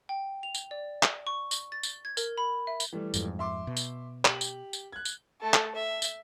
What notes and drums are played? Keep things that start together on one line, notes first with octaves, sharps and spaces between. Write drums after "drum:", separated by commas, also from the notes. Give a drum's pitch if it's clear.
G5
F7
drum: tambourine
D5
drum: clap
C#6
drum: tambourine
A6
drum: tambourine
G#6
A#4, drum: tambourine
B5
E5
drum: tambourine
E3 G3 A3
F2 G#2, drum: tambourine
E5 C6 D6
B2
drum: tambourine
G4 F#7, drum: clap
drum: tambourine
drum: tambourine
F#6 G#6
drum: tambourine
A3 A4
drum: clap
E5
drum: tambourine